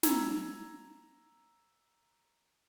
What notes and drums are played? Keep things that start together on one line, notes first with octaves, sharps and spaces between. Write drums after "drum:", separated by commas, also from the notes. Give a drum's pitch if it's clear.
A#5 E6 G#6, drum: snare